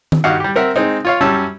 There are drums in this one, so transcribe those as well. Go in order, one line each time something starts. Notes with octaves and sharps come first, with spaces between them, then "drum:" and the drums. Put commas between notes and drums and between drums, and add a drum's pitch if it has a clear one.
drum: tom D#3
G2 D#4 F#4 G4 F5 F#5
G3 G4
C4 A#4 E5 F#5
G#3 C4 D#4
F4 C#5 F5
F#2 G3 C#4 A5 E6